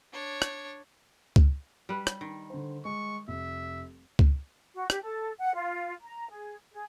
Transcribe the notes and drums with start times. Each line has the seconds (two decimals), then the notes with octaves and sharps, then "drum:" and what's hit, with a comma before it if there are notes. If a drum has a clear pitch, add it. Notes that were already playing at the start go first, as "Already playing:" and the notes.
0.13 D4 C#5
0.42 drum: rim click
1.36 drum: kick C#2
1.89 G3 B4
2.07 drum: rim click
2.21 D#3
2.50 D3 C5
2.85 G#3 C#6
3.28 F1 E5
4.19 drum: kick C#2
4.74 F#4
4.90 G4, drum: rim click
5.02 A4
5.38 F#5
5.54 F4
6.02 A#5
6.30 G#4
6.72 G#4